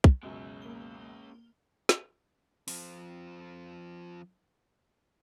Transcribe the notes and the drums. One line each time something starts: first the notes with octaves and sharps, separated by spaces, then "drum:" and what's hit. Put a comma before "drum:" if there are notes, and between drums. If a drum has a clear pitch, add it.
drum: kick
C#2 F#2 B2 G#3 C#4
A#3 G7
drum: snare
F3 C4, drum: open hi-hat